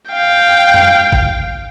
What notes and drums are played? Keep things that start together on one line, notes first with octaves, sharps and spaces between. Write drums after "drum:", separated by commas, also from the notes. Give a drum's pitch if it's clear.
F5 G5
drum: tom F2
drum: kick G#1